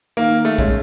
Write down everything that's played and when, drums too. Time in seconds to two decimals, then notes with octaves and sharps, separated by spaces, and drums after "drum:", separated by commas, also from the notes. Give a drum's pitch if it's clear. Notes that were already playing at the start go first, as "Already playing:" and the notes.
0.17 D#3 A#3
0.45 A3
0.58 G#3 C#4, drum: kick